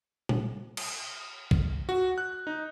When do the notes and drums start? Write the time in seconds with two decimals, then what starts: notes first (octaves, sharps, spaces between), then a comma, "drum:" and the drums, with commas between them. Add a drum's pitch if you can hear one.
0.29 drum: tom A#2
0.77 drum: cymbal
1.51 drum: kick
1.89 F#4
2.18 F#6
2.47 D#4